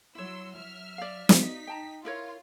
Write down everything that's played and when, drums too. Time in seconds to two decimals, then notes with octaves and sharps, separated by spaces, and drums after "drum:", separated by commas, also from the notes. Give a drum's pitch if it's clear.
0.15 F#3 E4 C#5 C6 E6
0.55 F#3 E5 F6
0.98 D5 F5
1.29 D#4 B6, drum: snare
1.67 G5 A5 A#5
2.05 E4 F4 A#4 C#5